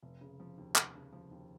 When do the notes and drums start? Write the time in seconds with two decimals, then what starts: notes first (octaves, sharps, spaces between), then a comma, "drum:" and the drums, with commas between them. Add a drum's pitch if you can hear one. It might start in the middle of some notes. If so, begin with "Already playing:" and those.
0.02 F1
0.21 C#3
0.40 F3
0.58 D#2
0.76 F1, drum: clap
0.95 C#3
1.12 F3
1.31 D#2